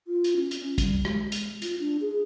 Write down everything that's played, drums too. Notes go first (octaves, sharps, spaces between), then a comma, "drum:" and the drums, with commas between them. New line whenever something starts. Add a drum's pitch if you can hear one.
F4
drum: hi-hat
C#4
drum: hi-hat
G3, drum: kick, hi-hat
G#3, drum: rim click
drum: hi-hat
F4, drum: hi-hat
D4
G#4